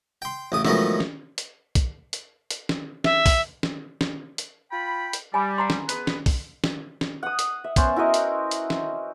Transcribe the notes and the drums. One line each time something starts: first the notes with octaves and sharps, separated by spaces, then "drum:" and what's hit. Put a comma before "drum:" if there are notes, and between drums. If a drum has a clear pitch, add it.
G5 C6
A1 C#3 D#6
A2 D#3 F3 F#3 G#3 B3, drum: snare
drum: snare
drum: hi-hat
drum: kick, hi-hat
drum: hi-hat
drum: hi-hat
drum: snare
E5, drum: snare
drum: kick, open hi-hat
drum: snare
drum: snare
drum: hi-hat
F4 G5 B5
drum: hi-hat
G3 G#5 B5
F#5 A#5 C6
drum: snare
B3 G#4 B4, drum: hi-hat
drum: snare
drum: kick, open hi-hat
drum: snare
drum: snare
F#5 D#6
drum: hi-hat
E5
B3 C#4 C5 D5, drum: kick, hi-hat
E4 F#4 A#4 D#5
drum: hi-hat
drum: hi-hat
drum: snare